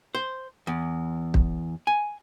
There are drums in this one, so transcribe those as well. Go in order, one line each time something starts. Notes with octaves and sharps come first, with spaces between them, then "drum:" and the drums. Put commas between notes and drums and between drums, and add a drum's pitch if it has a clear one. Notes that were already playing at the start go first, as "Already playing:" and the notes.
C5
E2
drum: kick
G#5